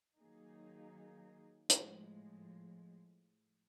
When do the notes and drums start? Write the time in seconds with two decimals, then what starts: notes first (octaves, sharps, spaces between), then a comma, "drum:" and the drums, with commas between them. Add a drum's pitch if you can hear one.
0.19 D#3 F#3 A#3 D#4 G#4
1.70 A2 F3 G#3, drum: hi-hat